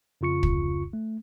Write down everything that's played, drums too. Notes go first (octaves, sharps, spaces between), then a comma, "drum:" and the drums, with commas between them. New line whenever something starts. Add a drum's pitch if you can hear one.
F2 C#3 F4 C#6 C#7
drum: kick
A3